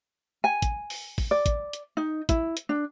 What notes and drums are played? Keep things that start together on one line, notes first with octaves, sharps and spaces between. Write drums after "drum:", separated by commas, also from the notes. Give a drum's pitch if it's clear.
G#5
drum: kick, hi-hat
drum: open hi-hat
drum: kick, open hi-hat
D5
drum: kick, hi-hat
drum: hi-hat
D#4
E4, drum: kick, hi-hat
drum: hi-hat
D4